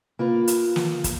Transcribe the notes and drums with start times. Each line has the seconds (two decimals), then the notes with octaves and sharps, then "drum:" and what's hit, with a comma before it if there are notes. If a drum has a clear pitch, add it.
0.19 A#3 F4 B4
0.48 drum: hi-hat
0.76 drum: snare
1.04 drum: kick, hi-hat